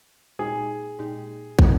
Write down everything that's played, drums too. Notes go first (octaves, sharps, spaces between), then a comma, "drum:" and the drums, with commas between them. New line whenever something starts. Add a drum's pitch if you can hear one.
A#2 G#3 D#4 G4 G#4
A#2 G#3 D#4 G4
A#3 D#4 A#4 D#5, drum: kick